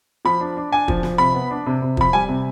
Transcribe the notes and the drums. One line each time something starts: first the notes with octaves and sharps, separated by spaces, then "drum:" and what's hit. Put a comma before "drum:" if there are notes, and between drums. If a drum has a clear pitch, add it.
F3 B5
D4
D4
D4 G#5
F3, drum: kick
F3, drum: snare
C3 B5
B3
D4
C3
C3
F3 B5, drum: kick
G3 G#5
C3